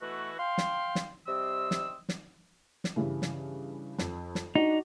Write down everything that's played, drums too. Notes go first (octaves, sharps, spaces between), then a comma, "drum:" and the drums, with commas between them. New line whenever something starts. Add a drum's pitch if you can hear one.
B2 E3 A3 E4 F#4
F5 G5 C6
drum: snare
drum: snare
C3 G3 C4 D#5 E6
drum: snare
drum: snare
drum: snare
G2 C#3 E3
drum: snare
F2, drum: snare
drum: snare
D4 D#4 F#4